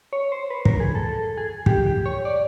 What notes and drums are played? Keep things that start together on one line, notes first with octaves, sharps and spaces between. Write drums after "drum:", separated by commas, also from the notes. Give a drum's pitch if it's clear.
C#5
C5
B4
A#4, drum: kick
G#4
A4
A4
G#4
G4, drum: kick
G4
C#5
D5